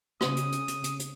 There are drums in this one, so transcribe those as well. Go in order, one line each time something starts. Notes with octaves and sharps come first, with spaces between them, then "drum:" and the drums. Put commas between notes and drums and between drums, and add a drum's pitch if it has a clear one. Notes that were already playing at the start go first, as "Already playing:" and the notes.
C#3 D#6, drum: rim click
drum: hi-hat
drum: hi-hat
drum: hi-hat
drum: hi-hat
drum: hi-hat